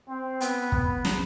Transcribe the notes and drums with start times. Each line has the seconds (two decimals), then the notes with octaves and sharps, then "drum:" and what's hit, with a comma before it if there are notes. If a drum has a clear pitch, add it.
0.09 C4
0.41 B3, drum: hi-hat
0.72 B3, drum: kick
1.05 drum: snare